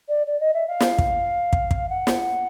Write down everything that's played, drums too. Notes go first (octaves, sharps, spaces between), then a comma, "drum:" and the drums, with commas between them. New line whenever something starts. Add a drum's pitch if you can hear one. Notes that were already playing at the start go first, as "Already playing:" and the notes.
D5
D5
D#5
E5
F5
drum: snare
drum: kick
drum: kick
drum: kick
F#5
drum: snare